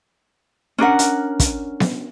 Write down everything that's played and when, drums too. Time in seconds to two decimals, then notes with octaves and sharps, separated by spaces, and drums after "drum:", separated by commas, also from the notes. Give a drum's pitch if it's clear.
0.78 C#4 D4 A#4 F#5
0.99 drum: hi-hat
1.40 drum: kick, hi-hat
1.80 drum: snare B3